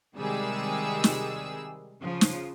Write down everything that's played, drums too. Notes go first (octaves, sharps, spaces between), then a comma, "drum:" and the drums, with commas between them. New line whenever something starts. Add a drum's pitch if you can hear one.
C3 D#3 G3 G#3 G#4 E6
drum: snare
C#3 F3
drum: snare